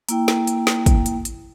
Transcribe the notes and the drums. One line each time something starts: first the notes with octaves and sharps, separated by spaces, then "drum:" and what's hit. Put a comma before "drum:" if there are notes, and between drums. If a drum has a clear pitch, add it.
A#3 E4 G5, drum: hi-hat
drum: snare
drum: hi-hat
drum: snare
drum: kick, hi-hat
drum: hi-hat
drum: hi-hat